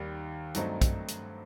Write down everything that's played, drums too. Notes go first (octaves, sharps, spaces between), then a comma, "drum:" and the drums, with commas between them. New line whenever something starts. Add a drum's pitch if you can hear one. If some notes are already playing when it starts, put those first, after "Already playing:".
Already playing: D#2 D#3 G3
G2 F#3 A3 C4 D#4, drum: hi-hat
drum: kick, hi-hat
drum: hi-hat